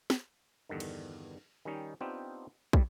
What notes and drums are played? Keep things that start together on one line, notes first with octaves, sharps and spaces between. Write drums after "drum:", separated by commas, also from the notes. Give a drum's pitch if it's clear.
drum: snare
E2 G2 D3 D#3
drum: cymbal
D#3 G3 C#4 D#4
B3 C4 D4 D#4 F4 G4
F2 G3, drum: kick